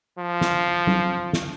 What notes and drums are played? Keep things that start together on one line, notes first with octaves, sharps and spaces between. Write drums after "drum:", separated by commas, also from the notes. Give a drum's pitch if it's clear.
F3
drum: snare
drum: tom F#3
drum: snare